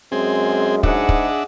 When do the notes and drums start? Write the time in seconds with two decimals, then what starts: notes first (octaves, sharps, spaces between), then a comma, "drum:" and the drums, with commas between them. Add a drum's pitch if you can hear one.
0.12 F#2 G#3 C4 G#4
0.83 G#2 D4 G#4 D#5 E5 F#5, drum: kick
1.09 drum: kick